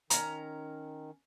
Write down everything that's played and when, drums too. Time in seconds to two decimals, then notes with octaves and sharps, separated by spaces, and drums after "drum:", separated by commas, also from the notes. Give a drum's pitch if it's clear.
0.10 D#3 C#4 A#5, drum: hi-hat